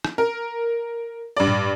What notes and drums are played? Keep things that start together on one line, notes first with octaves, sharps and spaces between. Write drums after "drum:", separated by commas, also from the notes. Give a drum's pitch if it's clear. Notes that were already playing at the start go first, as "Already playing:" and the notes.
drum: rim click
A#4
G2 D5
drum: tom A2